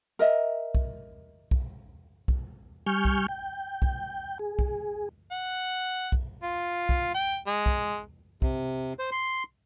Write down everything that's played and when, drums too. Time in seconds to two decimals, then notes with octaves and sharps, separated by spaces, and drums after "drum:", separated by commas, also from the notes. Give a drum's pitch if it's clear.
0.19 A#4 D#5 E5
0.75 drum: kick
1.51 drum: kick
2.28 drum: kick
2.86 G3 G#5 C#6 F6 G6
3.05 drum: kick
3.28 G5
3.82 drum: kick
4.39 G#4
4.59 drum: kick
5.31 F#5
6.12 drum: kick
6.43 F4
6.89 drum: kick
7.14 G5
7.47 G#3
7.66 drum: kick
8.42 C3, drum: kick
8.99 C5
9.12 C6